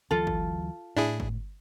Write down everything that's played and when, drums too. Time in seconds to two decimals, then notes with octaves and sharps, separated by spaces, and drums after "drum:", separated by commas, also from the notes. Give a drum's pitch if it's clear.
0.11 D2 E3 F#3 F4 A4
0.27 drum: kick G1
0.97 A2 D4 E4 G#4
1.20 drum: kick G1